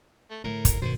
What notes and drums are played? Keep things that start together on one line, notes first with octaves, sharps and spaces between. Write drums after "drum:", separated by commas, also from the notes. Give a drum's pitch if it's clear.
A3
A2 D3 A3 A#4
F1, drum: kick, hi-hat
B1 G2 B2 D3 D#3 C5